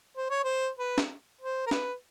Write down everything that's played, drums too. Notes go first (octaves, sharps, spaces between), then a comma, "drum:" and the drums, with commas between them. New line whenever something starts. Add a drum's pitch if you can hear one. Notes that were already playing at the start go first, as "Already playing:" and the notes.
C5
C#5
C5
B4
drum: snare
C5
A#4
B4, drum: snare